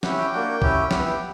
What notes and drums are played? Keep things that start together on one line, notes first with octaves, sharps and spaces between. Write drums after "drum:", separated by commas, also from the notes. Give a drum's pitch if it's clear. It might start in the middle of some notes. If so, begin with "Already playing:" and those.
C#4 E4 G4 F#5, drum: snare
G5
A#3 D4 F#4
C#4 E4 G4, drum: kick
B3 E4 G4 F#5, drum: snare
G5